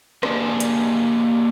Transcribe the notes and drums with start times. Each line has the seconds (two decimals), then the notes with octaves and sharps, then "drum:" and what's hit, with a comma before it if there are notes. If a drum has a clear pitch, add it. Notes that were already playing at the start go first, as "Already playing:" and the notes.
0.23 A#3 D4 G4 G#4 D#5 A5, drum: rim click
0.60 drum: hi-hat